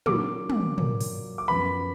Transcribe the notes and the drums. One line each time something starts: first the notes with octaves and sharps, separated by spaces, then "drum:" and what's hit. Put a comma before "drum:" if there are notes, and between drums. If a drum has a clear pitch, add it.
A#2 F#3 A#3 D6, drum: tom
drum: tom
A#2 F#3 A#3, drum: tom
drum: open hi-hat
D6
F#2 F3 B3 B5